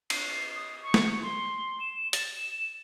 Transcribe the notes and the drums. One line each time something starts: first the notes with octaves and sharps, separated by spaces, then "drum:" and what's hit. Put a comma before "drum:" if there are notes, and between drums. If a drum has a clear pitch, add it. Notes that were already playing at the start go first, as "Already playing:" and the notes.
C7, drum: cymbal
D#6
C#6
drum: snare
C6
E7
A6, drum: hi-hat
E7